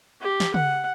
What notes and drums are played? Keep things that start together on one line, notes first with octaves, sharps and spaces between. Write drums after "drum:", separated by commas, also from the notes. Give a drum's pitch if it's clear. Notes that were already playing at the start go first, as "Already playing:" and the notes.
G4
drum: snare
F#5, drum: tom C#3